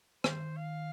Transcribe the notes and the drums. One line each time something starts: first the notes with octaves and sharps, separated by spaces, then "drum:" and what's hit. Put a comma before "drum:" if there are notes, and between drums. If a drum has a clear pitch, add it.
D#3 C5, drum: rim click
F5